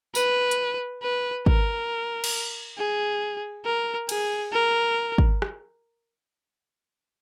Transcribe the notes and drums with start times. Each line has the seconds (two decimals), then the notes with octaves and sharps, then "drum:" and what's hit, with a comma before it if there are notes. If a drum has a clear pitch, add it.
0.15 B4, drum: tambourine
0.51 drum: hi-hat
1.02 B4
1.46 A#4, drum: kick
2.24 drum: cymbal
2.78 G#4
3.65 A#4
4.09 G#4, drum: cymbal
4.52 A#4
5.18 drum: kick
5.42 drum: rim click